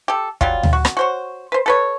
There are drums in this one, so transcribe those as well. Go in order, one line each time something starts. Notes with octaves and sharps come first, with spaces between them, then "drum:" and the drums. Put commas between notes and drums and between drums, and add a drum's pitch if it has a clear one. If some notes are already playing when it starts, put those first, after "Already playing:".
G4 A4
F#3 G3 F4, drum: kick
drum: tom D2
F#4
drum: rim click
F#4 C5 C#5
B4 C5
A4 B4 C#5